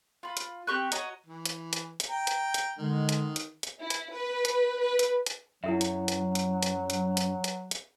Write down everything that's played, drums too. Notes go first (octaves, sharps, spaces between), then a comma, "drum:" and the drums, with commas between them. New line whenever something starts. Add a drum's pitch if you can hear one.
F4 B5
drum: hi-hat
C4 G4 C#6 F#6
F#4 C#5 D#5 A#5, drum: hi-hat
E3
drum: hi-hat
drum: hi-hat
drum: hi-hat
G5 A#5
drum: hi-hat
drum: hi-hat
D3 D#3 G#3
drum: hi-hat
drum: hi-hat
drum: hi-hat
E4
drum: hi-hat
B4
drum: hi-hat
B4
drum: hi-hat
drum: hi-hat
F#2 F#3 E4 A4 E5
drum: hi-hat
drum: hi-hat
drum: hi-hat
drum: hi-hat
drum: hi-hat
drum: hi-hat
drum: hi-hat
drum: hi-hat